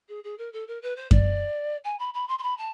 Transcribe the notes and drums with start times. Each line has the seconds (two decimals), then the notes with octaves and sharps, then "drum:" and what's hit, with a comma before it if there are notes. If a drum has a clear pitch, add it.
0.08 G#4
0.24 G#4
0.38 A#4
0.53 A4
0.67 A#4
0.82 B4
0.96 C5
1.11 D5, drum: kick F#2
1.84 G#5
1.99 B5
2.13 B5
2.28 C6
2.38 C6
2.42 B5
2.57 A5